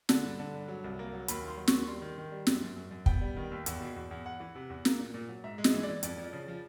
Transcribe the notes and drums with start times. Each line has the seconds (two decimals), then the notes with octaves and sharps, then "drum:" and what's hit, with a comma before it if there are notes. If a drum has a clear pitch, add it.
0.09 D3 A5, drum: snare
0.24 G2
0.39 D3
0.55 G2
0.68 F#3
0.84 C2
0.99 A#3
1.13 F#3
1.28 D#2 B5, drum: hi-hat
1.44 D#3 C6
1.57 F#3
1.68 C#6, drum: snare
1.73 D#2
1.88 G3 C6
2.02 D#3
2.18 D#3
2.32 G3
2.47 F#2, drum: snare
2.62 F#2
2.76 F#2
2.91 F#2
3.06 B3 G5, drum: kick
3.21 G3
3.37 D#3
3.51 D#2
3.66 E2, drum: hi-hat
3.81 B2
3.96 E2
4.11 E2
4.26 E2 F#5
4.40 E3
4.55 C3
4.70 E2
4.85 A#3, drum: snare
4.99 A#2
5.14 A#2
5.28 F#3
5.44 G#2 E5
5.58 G#3
5.64 D#5, drum: snare
5.74 E3
5.83 D5
5.88 E3
6.03 F2 D5, drum: hi-hat
6.18 F3
6.33 C#3
6.48 F3